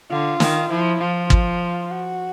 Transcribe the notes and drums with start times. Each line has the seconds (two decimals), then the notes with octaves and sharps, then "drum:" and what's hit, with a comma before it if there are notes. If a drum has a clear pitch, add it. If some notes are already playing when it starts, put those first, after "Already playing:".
0.10 D3 F4
0.40 D#3, drum: snare
0.70 F3 E4
1.00 F3 F4
1.30 F4, drum: kick
1.91 F#4